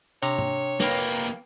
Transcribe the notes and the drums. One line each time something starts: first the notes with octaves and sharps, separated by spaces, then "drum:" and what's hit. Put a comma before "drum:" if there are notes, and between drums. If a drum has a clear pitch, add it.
C3 D4 C#5 G5 A#5, drum: hi-hat
drum: tom G#2
F2 A#3 B4 G5 B5, drum: snare